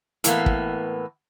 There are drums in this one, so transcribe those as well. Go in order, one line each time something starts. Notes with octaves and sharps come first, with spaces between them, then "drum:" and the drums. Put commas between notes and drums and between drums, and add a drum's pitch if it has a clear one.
A2 E3 A#3 B3, drum: hi-hat
drum: kick